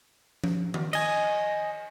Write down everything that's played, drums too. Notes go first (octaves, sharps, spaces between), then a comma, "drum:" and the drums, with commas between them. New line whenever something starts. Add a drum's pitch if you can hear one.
drum: tom F3
drum: tom D#3
D#5 G#5, drum: cymbal